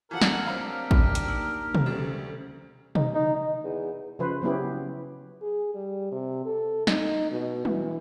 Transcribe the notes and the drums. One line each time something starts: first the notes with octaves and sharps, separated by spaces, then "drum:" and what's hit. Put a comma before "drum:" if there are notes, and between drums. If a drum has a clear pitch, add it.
E3 F3 A4 A#4 F#5
drum: snare
C4 D4 G4 C5 C#5 F5 A#5 E6
A2, drum: kick A1
drum: hi-hat
A#3 D#4 E6
drum: tom
D2 G3 C#4 A4 C5
D#4, drum: tom
D#4
D#4
E2
C#3 F3 B4 C5
C#3 F#3 B3 C#4 E4 G4
G#4
G3
C3
A4
D#4, drum: snare
B2
E3, drum: tom F#3